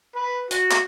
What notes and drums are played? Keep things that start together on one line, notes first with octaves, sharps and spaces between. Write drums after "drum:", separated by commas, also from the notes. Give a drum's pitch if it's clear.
B4
F#4, drum: hi-hat
drum: clap